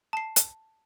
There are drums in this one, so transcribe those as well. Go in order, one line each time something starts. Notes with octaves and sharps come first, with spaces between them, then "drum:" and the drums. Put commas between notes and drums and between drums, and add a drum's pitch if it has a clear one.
A5 C7
drum: hi-hat